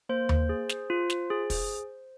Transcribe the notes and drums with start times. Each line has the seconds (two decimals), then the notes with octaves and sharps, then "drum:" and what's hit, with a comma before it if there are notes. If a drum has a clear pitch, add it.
0.09 A#3 C5
0.29 drum: tom D#2
0.49 G#4
0.69 drum: snare
0.90 F4
1.10 drum: snare
1.30 G#4
1.50 drum: kick, open hi-hat